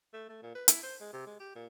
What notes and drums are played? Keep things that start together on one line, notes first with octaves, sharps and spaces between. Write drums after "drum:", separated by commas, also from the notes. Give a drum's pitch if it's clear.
A3
A3
A#2
B4
E4, drum: hi-hat
C5
G#3
C3
G#3
G4
A#2